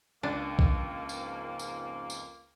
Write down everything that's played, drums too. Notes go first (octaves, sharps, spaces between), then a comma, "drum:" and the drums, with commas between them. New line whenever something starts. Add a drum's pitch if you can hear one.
C#2 A#3 D4
drum: kick A#1
F2 G#2 A#4, drum: tambourine
drum: tambourine
drum: tambourine